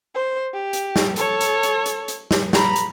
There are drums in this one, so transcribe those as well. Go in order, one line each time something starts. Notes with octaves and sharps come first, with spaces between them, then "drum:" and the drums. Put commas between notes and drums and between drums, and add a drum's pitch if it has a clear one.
C5
G4
drum: hi-hat
drum: snare
A4 C#5, drum: hi-hat
drum: hi-hat
drum: hi-hat
drum: hi-hat
drum: hi-hat
drum: snare
A#5 B5, drum: snare
drum: hi-hat